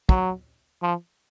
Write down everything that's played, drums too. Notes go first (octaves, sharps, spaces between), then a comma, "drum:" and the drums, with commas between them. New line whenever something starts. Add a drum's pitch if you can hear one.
F#3, drum: kick
F3